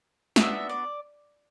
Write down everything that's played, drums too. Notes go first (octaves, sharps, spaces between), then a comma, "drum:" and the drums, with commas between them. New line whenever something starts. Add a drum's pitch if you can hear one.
B3 D4 F#4 E5, drum: snare
D5